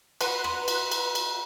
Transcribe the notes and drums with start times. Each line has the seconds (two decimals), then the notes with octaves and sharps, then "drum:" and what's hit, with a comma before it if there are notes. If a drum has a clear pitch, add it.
0.21 B4 F#5 A#5 C6 F#6, drum: cymbal
0.44 drum: rim click
0.68 drum: cymbal
0.91 drum: cymbal
1.15 drum: cymbal